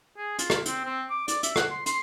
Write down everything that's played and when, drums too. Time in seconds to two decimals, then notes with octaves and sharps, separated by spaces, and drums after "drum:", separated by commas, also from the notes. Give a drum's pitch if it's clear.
0.17 G#4
0.39 F4, drum: hi-hat
0.50 drum: rim click
0.66 C4, drum: hi-hat
0.85 C4
1.10 D6
1.28 D5, drum: hi-hat
1.43 E5, drum: hi-hat
1.56 F#5, drum: rim click
1.70 C6
1.86 C6, drum: hi-hat